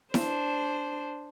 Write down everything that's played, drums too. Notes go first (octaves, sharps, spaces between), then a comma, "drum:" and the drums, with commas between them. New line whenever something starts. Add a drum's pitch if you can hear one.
D4 C5, drum: snare E4